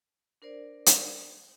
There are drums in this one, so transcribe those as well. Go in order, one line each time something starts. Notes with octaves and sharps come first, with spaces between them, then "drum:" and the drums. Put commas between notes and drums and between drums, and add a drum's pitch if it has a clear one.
D4 A#4 C5 D5
drum: hi-hat